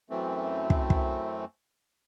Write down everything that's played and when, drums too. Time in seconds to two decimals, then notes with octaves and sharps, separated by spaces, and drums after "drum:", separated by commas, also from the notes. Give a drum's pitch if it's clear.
0.10 F#2 E3 A3 C4
0.70 drum: kick
0.90 drum: kick